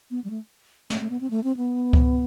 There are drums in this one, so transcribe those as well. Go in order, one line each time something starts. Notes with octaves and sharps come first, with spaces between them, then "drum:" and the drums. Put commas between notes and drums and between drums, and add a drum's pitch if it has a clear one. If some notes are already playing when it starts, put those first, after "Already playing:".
B3
G3
A3
A3, drum: snare
A3
B3
C4
A3
C4
B3
drum: kick C#2